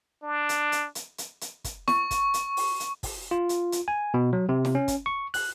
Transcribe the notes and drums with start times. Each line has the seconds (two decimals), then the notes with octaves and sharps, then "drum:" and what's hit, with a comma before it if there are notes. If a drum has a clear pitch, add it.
0.23 D4
0.49 drum: hi-hat
0.72 drum: hi-hat
0.95 drum: hi-hat
1.18 drum: hi-hat
1.41 drum: hi-hat
1.64 drum: kick, hi-hat
1.88 C#6, drum: snare
2.11 drum: kick, hi-hat
2.34 drum: hi-hat
2.57 drum: open hi-hat
2.80 drum: hi-hat
3.03 drum: kick, open hi-hat
3.31 F4
3.49 drum: hi-hat
3.72 drum: hi-hat
3.88 G#5
4.14 B2
4.33 F#3
4.49 C3
4.65 drum: snare
4.75 C#4
4.88 drum: kick, hi-hat
5.06 C#6
5.34 F#6, drum: open hi-hat